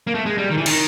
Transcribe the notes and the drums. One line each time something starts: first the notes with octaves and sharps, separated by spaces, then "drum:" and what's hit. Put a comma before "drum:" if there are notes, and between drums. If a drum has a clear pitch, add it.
A#3
A3
G#3
G3
D#3
E3
D#3, drum: cymbal